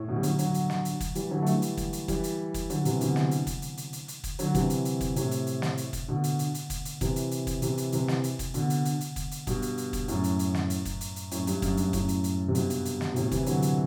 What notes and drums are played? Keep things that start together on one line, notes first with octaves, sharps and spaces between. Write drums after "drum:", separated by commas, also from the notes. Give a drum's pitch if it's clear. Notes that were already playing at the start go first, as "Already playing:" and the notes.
Already playing: A2
B2 D3
G3
D3 F#3, drum: hi-hat
D3 F#3, drum: hi-hat
drum: hi-hat
drum: snare
drum: hi-hat
drum: kick, hi-hat
E3 G3, drum: hi-hat
D3 F#3
A3
E3 G3, drum: hi-hat
drum: hi-hat
drum: kick, hi-hat
drum: hi-hat
E3 G3, drum: kick, hi-hat
drum: hi-hat
drum: kick, hi-hat
D3 F#3, drum: hi-hat
C3 E3, drum: hi-hat
B2 D3, drum: hi-hat
drum: snare
drum: hi-hat
drum: kick, hi-hat
drum: hi-hat
drum: hi-hat
drum: hi-hat
drum: hi-hat
drum: kick, hi-hat
D3 F#3, drum: hi-hat
C3 E3, drum: kick, hi-hat
drum: hi-hat
drum: hi-hat
drum: kick, hi-hat
A2 C3, drum: hi-hat
drum: hi-hat
drum: hi-hat
drum: snare
drum: hi-hat
drum: kick, hi-hat
B2 D3
drum: hi-hat
drum: hi-hat
drum: hi-hat
drum: kick, hi-hat
drum: hi-hat
C3 E3, drum: kick, hi-hat
drum: hi-hat
drum: hi-hat
drum: kick, hi-hat
C3 E3, drum: hi-hat
drum: hi-hat
C3 E3, drum: hi-hat
drum: snare
drum: hi-hat
drum: kick, hi-hat
B2 D3, drum: hi-hat
drum: hi-hat
drum: hi-hat
drum: hi-hat
drum: kick, hi-hat
drum: hi-hat
G2 B2, drum: kick, hi-hat
drum: hi-hat
drum: hi-hat
drum: kick, hi-hat
F#2 A2, drum: hi-hat
drum: hi-hat
drum: hi-hat
drum: snare
drum: hi-hat
drum: kick, hi-hat
drum: hi-hat
drum: hi-hat
F#2 A2, drum: hi-hat
G2, drum: hi-hat
F#2, drum: kick, hi-hat
G2, drum: hi-hat
F#2 A2, drum: kick, hi-hat
drum: hi-hat
drum: hi-hat
C3
G2 B2, drum: hi-hat
drum: hi-hat
drum: hi-hat
drum: snare
B2
A2 C3, drum: hi-hat
C3 E3, drum: kick, hi-hat
D3 F#3, drum: hi-hat
drum: hi-hat